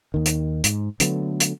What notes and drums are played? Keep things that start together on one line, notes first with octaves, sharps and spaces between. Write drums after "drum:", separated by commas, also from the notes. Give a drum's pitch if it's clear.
D#2 D#3
drum: hi-hat
G#2, drum: hi-hat
D3 F#3 A3 B3, drum: hi-hat
drum: hi-hat